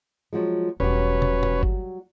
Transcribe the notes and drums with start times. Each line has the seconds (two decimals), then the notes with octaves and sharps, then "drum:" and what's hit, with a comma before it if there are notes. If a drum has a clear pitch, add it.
0.33 F3 F#3 G#3
0.80 E1 F#3 G3 C#4 B4 C#5
1.22 drum: tom
1.43 drum: tom G2
1.63 drum: kick G1